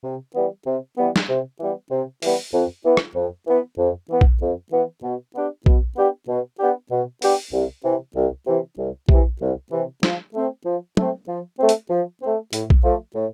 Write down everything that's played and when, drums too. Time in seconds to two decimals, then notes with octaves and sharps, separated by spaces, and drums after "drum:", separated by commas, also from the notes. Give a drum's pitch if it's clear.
0.04 C3
0.35 E3 G3 B3
0.66 C3
0.98 E3 G3 B3
1.16 drum: snare
1.29 C3
1.59 E3 G3 B3
1.91 C3
2.22 E3 G3 B3, drum: open hi-hat
2.53 F2
2.85 E3 B3
2.97 drum: rim click
3.15 F2
3.47 E3 B3
3.78 F2
4.10 E3 B3
4.21 drum: kick A#1
4.41 F2
4.72 E3 B3
5.03 B2
5.34 B3 D4 G4
5.66 B2, drum: kick A#1
5.96 B3 D4 G4
6.28 B2
6.59 B3 D4 G4
6.91 B2
7.22 B3 D4 G4, drum: open hi-hat
7.53 C2
7.84 C3 E3
8.16 C2
8.47 C3 E3
8.78 C2
9.09 C3 E3, drum: kick A#1
9.41 C2
9.72 C3 E3
10.03 F3, drum: snare
10.34 A3 C4
10.65 F3
10.97 A3 C4, drum: tom
11.28 F3
11.59 A3 C4
11.69 drum: hi-hat
11.90 F3
12.21 A3 C4
12.53 A2, drum: hi-hat
12.70 drum: kick A#1
12.84 F3 A3
13.15 A2